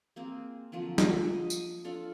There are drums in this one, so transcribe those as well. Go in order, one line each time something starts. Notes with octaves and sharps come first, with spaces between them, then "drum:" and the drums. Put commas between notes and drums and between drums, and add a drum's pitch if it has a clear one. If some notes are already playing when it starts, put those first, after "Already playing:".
A#3 C4 G#4
D3 F3 F#3 C4
drum: snare
D#5
drum: tambourine
D4 F4 A4